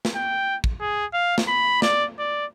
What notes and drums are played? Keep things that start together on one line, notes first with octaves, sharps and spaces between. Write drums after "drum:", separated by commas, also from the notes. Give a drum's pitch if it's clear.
drum: snare
G5
drum: kick
G#4
F5
drum: snare
B5
D5, drum: snare
D5